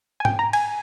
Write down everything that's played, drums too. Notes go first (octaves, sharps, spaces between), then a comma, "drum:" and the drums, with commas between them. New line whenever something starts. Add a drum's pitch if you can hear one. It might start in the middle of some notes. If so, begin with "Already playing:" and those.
G#5
G5, drum: tom G#2
A#5
G#5, drum: cymbal